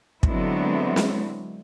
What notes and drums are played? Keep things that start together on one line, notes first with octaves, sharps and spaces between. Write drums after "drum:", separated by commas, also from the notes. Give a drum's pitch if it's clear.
D3 F#3 G#3 B3 C4 E4, drum: kick
drum: snare